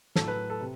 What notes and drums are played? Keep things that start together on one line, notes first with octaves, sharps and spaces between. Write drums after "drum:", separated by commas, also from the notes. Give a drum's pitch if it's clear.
A2 F#3 A4, drum: snare
B4
A4
C3